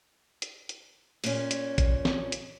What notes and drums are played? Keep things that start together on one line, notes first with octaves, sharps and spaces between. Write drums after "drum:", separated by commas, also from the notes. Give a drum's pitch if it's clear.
drum: hi-hat
drum: hi-hat
A#2 C#4, drum: open hi-hat
drum: hi-hat
drum: kick, hi-hat
drum: snare
drum: hi-hat